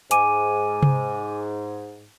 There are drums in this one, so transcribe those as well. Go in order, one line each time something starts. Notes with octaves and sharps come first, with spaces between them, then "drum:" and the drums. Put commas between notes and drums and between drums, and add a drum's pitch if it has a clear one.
G#2 G#5 D6 D#7, drum: hi-hat
drum: tom C3